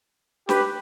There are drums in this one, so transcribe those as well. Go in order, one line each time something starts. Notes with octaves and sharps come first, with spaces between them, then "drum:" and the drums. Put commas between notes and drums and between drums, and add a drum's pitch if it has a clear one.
G4 B4, drum: snare